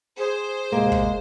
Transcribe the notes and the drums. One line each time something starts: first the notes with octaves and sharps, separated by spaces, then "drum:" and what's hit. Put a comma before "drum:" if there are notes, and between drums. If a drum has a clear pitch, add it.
G#4 C5
D2 A2 C3 G#3 A#3
drum: kick